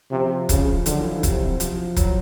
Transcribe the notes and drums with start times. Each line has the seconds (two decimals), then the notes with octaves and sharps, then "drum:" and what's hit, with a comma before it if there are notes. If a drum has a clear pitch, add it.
0.11 C3 F3
0.49 C#3 F3, drum: kick, hi-hat
0.86 D3 F#3, drum: hi-hat
0.93 F3
1.01 E3
1.07 F3
1.23 C3, drum: kick, hi-hat
1.60 F3, drum: hi-hat
1.96 F#3, drum: kick, hi-hat